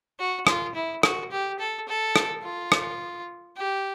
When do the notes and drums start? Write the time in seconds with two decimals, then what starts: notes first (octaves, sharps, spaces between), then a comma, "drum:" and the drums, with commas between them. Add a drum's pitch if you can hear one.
0.19 F#4
0.47 F4, drum: rim click
0.75 E4
1.03 F#4, drum: rim click
1.32 G4
1.59 A4
1.88 A4
2.16 drum: rim click
2.43 F4
2.72 drum: rim click
3.56 G4